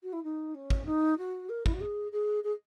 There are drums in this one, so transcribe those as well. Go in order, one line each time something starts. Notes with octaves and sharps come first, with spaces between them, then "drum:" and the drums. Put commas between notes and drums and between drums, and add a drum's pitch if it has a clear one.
F#4
E4
D#4
C#4
drum: kick
D#4
F#4
A#4
E4, drum: kick
F#4
G#4
G#4
G#4